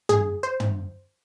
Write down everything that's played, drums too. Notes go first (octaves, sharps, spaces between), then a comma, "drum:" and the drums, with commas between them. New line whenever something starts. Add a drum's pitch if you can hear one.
G#4, drum: tom
C5
drum: tom